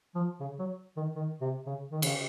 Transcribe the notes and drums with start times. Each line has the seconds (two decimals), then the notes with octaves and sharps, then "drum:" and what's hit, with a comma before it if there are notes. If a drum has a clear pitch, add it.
0.15 F3
0.40 C#3
0.59 F#3
0.97 D#3
1.16 D#3
1.41 C3
1.66 C#3
1.92 D#3
2.02 C#3, drum: cymbal